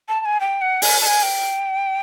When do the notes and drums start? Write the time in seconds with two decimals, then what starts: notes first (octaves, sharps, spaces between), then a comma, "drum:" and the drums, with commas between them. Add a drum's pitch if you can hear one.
0.09 A5
0.20 A5
0.25 G#5
0.40 G5
0.61 F#5
0.82 G#5, drum: open hi-hat
1.01 A5
1.06 G#5
1.23 G5